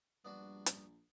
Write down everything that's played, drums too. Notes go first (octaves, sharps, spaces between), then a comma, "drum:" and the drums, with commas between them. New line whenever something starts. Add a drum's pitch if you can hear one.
A#1 G3 B3 D4 F#4
drum: hi-hat